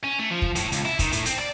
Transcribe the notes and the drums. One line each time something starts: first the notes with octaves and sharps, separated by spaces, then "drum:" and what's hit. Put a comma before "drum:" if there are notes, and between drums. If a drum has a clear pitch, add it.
C#4
A3
F3
drum: kick
A2, drum: hi-hat
C#2, drum: hi-hat
E4, drum: rim click
D#3, drum: kick, hi-hat
A2, drum: hi-hat
C4, drum: hi-hat
D5, drum: rim click